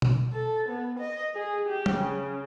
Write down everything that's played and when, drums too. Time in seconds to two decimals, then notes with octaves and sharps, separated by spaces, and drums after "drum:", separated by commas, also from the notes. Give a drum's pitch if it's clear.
0.02 drum: tom B2
0.33 A4
0.68 B3
0.98 D#5
1.34 G#4
1.67 G4
1.86 drum: tom F#3
1.96 C#3